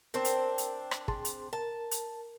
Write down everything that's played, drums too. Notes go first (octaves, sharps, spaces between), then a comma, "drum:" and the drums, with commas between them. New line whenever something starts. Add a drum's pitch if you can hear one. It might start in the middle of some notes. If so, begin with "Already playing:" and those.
C4 D4 A#4 C5
drum: hi-hat
drum: hi-hat
drum: rim click
G#4 A5 C6, drum: kick
drum: hi-hat
A#4 A5
drum: hi-hat